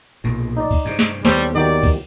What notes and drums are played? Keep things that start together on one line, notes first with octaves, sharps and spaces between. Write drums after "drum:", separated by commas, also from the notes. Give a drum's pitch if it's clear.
B1 A#2
D#4 D5
drum: kick, cymbal
G2 C3
drum: snare
D#2 G3 B3 A4 C5 C#5, drum: snare
D#3 F#3 G4 D5
drum: kick, cymbal